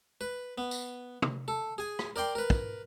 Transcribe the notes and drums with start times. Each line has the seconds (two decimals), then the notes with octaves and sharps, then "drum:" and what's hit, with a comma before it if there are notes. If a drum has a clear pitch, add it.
0.21 B4
0.58 B3
0.71 drum: tambourine
1.22 drum: tom
1.48 A4
1.78 G#4 G#5
1.99 drum: rim click
2.16 A#4 D5 G5 C6
2.35 A#4 B4
2.50 drum: kick